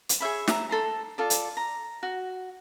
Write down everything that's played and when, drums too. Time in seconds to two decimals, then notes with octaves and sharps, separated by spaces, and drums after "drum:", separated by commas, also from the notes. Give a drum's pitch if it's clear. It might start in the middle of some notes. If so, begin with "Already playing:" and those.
0.09 drum: hi-hat
0.20 G#4 C#5 E5 B5
0.48 E5 A#5, drum: snare
0.69 A4 C5 A#5
1.18 F4 A4 D5
1.30 drum: hi-hat
1.57 A#5
2.03 F#4